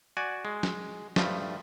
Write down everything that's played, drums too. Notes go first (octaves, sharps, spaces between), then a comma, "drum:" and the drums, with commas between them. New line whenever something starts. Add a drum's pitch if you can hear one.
F#4 D5 G#5
G#3
drum: snare
G2 F3 A3, drum: snare